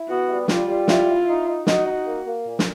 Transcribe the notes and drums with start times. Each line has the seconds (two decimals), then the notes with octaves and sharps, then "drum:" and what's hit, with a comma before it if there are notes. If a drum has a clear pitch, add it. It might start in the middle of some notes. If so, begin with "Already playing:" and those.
Already playing: E4
0.09 B3 F#4
0.29 G3
0.48 G3 F4, drum: snare
0.69 G3
0.88 E4 F4, drum: snare
1.08 E4
1.28 D#4
1.47 D#4
1.67 D#4 F#4, drum: snare
1.86 D#4
2.06 A#3
2.26 A#3
2.46 A#2
2.59 drum: snare